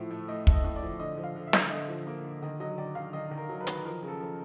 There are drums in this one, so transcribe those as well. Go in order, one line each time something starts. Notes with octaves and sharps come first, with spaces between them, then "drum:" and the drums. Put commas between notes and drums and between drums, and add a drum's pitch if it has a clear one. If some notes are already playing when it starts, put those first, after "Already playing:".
Already playing: A2 F3 A3 E5
A3
A3 D#5
A3, drum: kick
D#5
A2
D5
F3
D3 D#5
F3
F5
D3
E5
D3, drum: snare
D3 D#5
F3
A#3
D3
D#3 D#5
F#3 D#5
D#3 D5
D#3 F5
D#3 D#5
D#3
A#4
F#3
B4
D#3, drum: hi-hat
F3 A#4
C#3
A4
F3